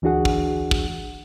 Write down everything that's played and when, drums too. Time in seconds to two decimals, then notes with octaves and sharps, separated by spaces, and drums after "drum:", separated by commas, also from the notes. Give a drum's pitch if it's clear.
0.02 D2 E3 D4 F#4 G#4 F#5
0.25 drum: kick
0.71 drum: kick